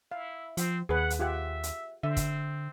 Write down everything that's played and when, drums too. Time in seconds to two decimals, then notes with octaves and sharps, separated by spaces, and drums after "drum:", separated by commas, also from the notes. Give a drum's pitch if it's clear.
0.11 E4 F5
0.57 F3 C4, drum: hi-hat
0.89 D#2 G#4 B4 F#5
1.10 drum: hi-hat
1.19 F4 G4 E5 F#5
1.63 drum: hi-hat
2.03 D3 C4 E5
2.16 drum: kick, hi-hat